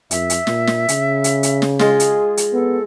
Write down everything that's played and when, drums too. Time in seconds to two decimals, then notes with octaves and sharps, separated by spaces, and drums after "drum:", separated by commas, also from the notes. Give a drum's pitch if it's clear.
0.11 F2 E5, drum: hi-hat
0.30 drum: hi-hat
0.47 A#2, drum: snare
0.67 drum: snare
0.89 C#3, drum: hi-hat
1.24 drum: hi-hat
1.43 drum: hi-hat
1.62 drum: snare
1.79 G#3 F4 G#4, drum: snare
2.00 drum: hi-hat
2.37 drum: hi-hat
2.53 B3 A4